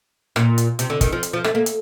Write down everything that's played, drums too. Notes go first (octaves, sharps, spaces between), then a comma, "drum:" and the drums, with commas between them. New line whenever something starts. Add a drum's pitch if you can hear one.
A#2, drum: rim click
drum: hi-hat
C3, drum: hi-hat
D3
D#3, drum: kick, hi-hat
F3
drum: hi-hat
F3
A3, drum: rim click
A#3
drum: hi-hat